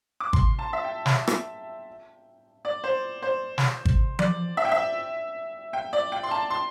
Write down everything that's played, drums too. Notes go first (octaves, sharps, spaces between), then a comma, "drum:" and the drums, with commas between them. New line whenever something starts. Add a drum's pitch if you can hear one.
D6
C6, drum: kick
A5
E5
G5
drum: snare
drum: rim click
D5
C5
C5
drum: snare
drum: kick
D5, drum: tom F3
E5
G5
E5
G5
D5
G5
C6
A5
C6